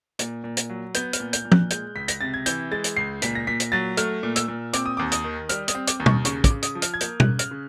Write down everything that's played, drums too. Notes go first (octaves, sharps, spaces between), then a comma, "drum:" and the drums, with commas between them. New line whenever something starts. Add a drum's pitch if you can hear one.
A#2, drum: hi-hat
A#2
drum: hi-hat
F#3
B3 G6, drum: hi-hat
F6, drum: hi-hat
A#2
G6, drum: hi-hat
A#2
F#6, drum: tom
G#3 G6, drum: hi-hat
C#2 B6
A#6, drum: hi-hat
C3 A6
G#6
E3 G6, drum: hi-hat
G#3 A6
drum: hi-hat
C#2 C7
A#2 B6, drum: hi-hat
A#6
A#2 B6
drum: hi-hat
F#3 A6
A3 F6, drum: hi-hat
A#2
E6, drum: hi-hat
A#2
C4 D6, drum: hi-hat
D#6
D#2 D6
D#6, drum: hi-hat
D#3
G3 F6, drum: hi-hat
D#6, drum: hi-hat
C4
D6, drum: hi-hat
D#2
C#6, drum: tom B2
C#3 C#6, drum: hi-hat
D6, drum: kick, hi-hat
C#3
D#6, drum: hi-hat
F3
F6, drum: hi-hat
G#6
A#3 G6, drum: hi-hat
F#6, drum: tom B2
C#3
F6, drum: hi-hat
C#3